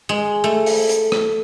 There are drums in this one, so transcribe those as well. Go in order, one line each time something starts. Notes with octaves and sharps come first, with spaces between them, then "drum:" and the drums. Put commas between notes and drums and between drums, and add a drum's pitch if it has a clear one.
G#3
A3
drum: open hi-hat
drum: hi-hat
drum: rim click